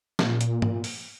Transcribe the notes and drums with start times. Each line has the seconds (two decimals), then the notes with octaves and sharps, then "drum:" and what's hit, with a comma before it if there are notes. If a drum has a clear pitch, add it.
0.19 A#2, drum: snare
0.41 drum: hi-hat
0.62 drum: tom G#2
0.84 drum: open hi-hat